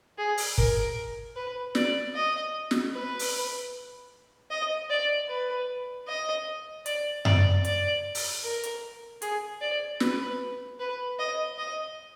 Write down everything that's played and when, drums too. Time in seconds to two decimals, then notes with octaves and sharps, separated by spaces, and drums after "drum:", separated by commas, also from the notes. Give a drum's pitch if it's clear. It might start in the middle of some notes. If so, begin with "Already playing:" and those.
0.18 G#4
0.38 drum: open hi-hat
0.58 A#4, drum: kick
1.36 B4
1.75 D5, drum: snare
2.15 D#5
2.71 drum: snare
2.93 B4
3.19 drum: open hi-hat
4.51 D#5
4.90 D5
5.29 B4
6.08 D#5
6.86 D5, drum: hi-hat
7.25 D5, drum: tom F#2
7.65 D5, drum: hi-hat
8.15 drum: open hi-hat
8.44 A#4
8.63 drum: hi-hat
9.22 G#4, drum: hi-hat
9.61 D5
10.00 B4, drum: snare
10.79 B4
11.19 D#5
11.58 D#5